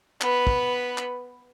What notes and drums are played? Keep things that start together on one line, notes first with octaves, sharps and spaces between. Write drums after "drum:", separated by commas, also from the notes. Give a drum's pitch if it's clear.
B3 B4, drum: clap
drum: kick
drum: clap